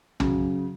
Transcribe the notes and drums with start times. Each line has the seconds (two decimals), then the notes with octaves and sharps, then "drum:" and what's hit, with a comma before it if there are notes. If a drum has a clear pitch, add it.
0.20 C#3 F#3, drum: tom